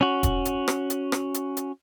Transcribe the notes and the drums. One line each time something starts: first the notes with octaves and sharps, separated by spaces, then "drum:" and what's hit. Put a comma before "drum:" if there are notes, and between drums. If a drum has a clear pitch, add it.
C#4 F#4
drum: kick E1, hi-hat
drum: hi-hat
drum: rim click
drum: hi-hat
drum: rim click
drum: hi-hat
drum: hi-hat